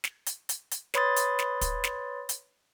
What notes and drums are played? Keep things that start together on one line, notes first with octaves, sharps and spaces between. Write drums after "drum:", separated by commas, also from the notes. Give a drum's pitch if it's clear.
drum: snare
drum: hi-hat
drum: hi-hat
drum: hi-hat
B4 C#5 B5 C6 D#6 A6, drum: snare
drum: hi-hat
drum: snare
drum: kick, hi-hat
drum: snare
drum: hi-hat